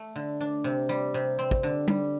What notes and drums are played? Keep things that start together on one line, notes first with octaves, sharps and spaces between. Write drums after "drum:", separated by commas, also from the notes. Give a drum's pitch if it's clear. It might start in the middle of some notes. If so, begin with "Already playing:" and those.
Already playing: A3
D3
D4
C3
G3
C3
C4
drum: kick
D3
G3, drum: tom G3